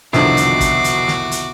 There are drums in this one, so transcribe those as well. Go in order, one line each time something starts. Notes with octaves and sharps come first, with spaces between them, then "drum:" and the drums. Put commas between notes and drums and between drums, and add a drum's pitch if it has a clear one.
C2 F2 B2 D3 D#3 F#4 D6 C7, drum: snare
drum: hi-hat
drum: kick, hi-hat
drum: hi-hat
drum: snare
drum: hi-hat